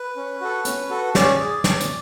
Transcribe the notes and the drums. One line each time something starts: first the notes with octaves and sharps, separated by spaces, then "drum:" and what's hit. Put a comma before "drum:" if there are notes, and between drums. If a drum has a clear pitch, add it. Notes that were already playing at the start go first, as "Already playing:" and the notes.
Already playing: B4
C#4
F#4 A4
C#4, drum: hi-hat
F#4 A4
C#4 D5, drum: snare
G#4
C#4, drum: snare
drum: hi-hat